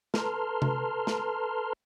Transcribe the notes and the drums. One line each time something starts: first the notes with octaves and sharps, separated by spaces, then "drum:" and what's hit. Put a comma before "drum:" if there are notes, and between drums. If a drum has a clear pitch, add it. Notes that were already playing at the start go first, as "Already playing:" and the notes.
A4 B4 A5 A#5 C6 F6, drum: snare
drum: tom C3
drum: snare